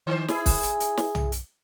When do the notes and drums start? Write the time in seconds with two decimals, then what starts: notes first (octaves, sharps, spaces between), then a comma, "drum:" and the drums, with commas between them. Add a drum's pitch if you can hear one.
0.07 D#3 C5
0.28 E4 G#4, drum: snare
0.46 drum: kick, open hi-hat
0.63 drum: hi-hat
0.80 drum: hi-hat
0.97 drum: snare
1.15 drum: tom
1.32 drum: hi-hat